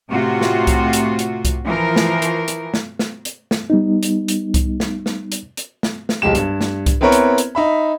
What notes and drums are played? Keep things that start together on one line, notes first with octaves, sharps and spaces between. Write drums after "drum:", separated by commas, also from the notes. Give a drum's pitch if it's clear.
A2 C3 F4 F#4
drum: snare
drum: kick C2, hi-hat
drum: hi-hat
drum: hi-hat
drum: kick C2, hi-hat
E3 F3 A#4
drum: snare
drum: hi-hat
drum: hi-hat
drum: snare
drum: snare
drum: hi-hat
drum: snare
G3 B3 D#4
drum: hi-hat
drum: hi-hat
drum: kick C2, hi-hat
drum: snare
drum: snare
drum: hi-hat
drum: hi-hat
drum: snare
drum: snare
D1 B1 G#3 G4 E7
G2, drum: hi-hat
drum: snare
drum: kick C2, hi-hat
B3 C4 E4 A#4 B4 C#5
drum: hi-hat
drum: hi-hat
D#4 E5 B5